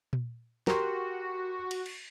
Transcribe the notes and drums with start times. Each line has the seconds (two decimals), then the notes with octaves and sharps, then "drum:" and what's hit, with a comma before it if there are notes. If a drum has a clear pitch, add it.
0.13 drum: tom A#2
0.67 F#4 G4 A#4 C6, drum: snare
1.71 drum: cymbal
1.86 drum: cymbal